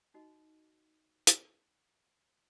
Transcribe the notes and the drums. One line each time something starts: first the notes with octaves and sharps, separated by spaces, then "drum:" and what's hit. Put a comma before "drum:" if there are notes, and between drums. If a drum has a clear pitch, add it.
D#4 F#4 D#5
drum: hi-hat